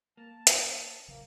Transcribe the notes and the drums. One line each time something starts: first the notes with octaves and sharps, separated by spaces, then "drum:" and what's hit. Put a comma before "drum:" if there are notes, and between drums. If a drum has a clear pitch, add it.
A#3 A5
drum: hi-hat
A#1 C#3 F#3 A#3